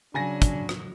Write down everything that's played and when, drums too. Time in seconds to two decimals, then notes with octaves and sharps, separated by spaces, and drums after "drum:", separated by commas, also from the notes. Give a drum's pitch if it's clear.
0.14 C#3 F#3 D4 G#5 A#6
0.42 drum: kick, hi-hat
0.69 drum: rim click